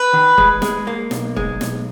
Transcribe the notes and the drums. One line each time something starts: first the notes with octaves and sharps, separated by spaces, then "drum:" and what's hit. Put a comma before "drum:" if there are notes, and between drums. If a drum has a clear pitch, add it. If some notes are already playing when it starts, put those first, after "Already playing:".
Already playing: B4
D#3
G#3, drum: kick
G#3, drum: snare
A#3
B1, drum: snare
G#3, drum: kick
B1, drum: snare